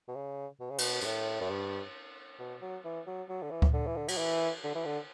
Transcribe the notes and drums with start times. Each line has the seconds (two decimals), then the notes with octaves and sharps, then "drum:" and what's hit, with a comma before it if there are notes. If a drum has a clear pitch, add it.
0.08 B2
0.15 C#3
0.60 B2
0.70 C#3
0.78 B2, drum: cymbal
1.01 G2, drum: tambourine
1.05 A2
1.41 F#2
1.50 G2
2.39 B2
2.61 F#3
2.84 E3
3.07 F#3
3.29 F#3
3.42 D3
3.51 E3
3.62 drum: kick D2
3.73 D3
3.86 E3
3.96 D3
4.08 F#3, drum: cymbal
4.18 E3
4.64 D3
4.75 E3
4.85 D3